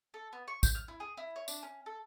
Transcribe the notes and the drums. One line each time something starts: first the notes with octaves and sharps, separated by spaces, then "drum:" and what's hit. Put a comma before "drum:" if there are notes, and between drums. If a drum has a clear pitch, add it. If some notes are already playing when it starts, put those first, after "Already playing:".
A4
B3
C#6
G6, drum: kick A1, tambourine
F6
E4
G#4
E4
C#5
D4, drum: tambourine
C#4
A4